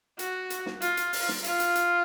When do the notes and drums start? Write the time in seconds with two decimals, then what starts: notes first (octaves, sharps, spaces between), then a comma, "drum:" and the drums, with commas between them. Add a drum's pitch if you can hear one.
0.19 F#4, drum: hi-hat
0.50 drum: hi-hat
0.66 drum: snare
0.82 F4, drum: hi-hat
0.97 drum: hi-hat
1.13 drum: open hi-hat
1.28 drum: snare
1.44 F4, drum: hi-hat
1.60 drum: hi-hat
1.75 drum: hi-hat